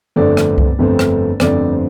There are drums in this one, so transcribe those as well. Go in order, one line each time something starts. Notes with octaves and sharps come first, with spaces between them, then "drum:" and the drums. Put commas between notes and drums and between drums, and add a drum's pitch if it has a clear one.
G1 F2 D3 A3 C4 D5
drum: rim click
drum: kick C2
G1 F2 D3 A3 C4
drum: rim click
G1 F2 D3 A3 C4 D5, drum: rim click
C5